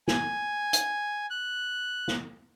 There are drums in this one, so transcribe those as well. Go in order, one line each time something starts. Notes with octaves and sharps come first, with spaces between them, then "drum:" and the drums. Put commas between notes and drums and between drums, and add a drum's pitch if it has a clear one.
G#5, drum: snare
drum: hi-hat
F#6
drum: snare